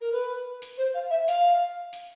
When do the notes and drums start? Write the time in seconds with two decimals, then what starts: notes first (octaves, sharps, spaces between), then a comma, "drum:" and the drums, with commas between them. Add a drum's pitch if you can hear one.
0.01 A#4
0.12 B4
0.62 drum: hi-hat
0.78 C5
0.94 F5
1.10 E5
1.28 F5, drum: hi-hat
1.93 drum: hi-hat